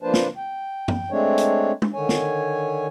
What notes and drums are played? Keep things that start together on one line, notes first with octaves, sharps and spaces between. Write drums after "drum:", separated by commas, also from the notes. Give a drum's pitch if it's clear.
F3 A#3 D4 B4 C5 A5
drum: snare
G5
drum: tom
G#3 A3 C4 D4 C#5
drum: hi-hat
drum: tom
D3 D#3 C#5 G#5
drum: snare